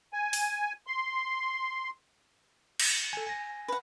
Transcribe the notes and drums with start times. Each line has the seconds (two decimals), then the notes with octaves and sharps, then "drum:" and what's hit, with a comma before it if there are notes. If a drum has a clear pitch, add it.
0.13 G#5
0.33 drum: open hi-hat
0.87 C6
2.80 drum: cymbal
3.13 A4 G#5
3.27 G#5 A#6
3.68 B4 F#5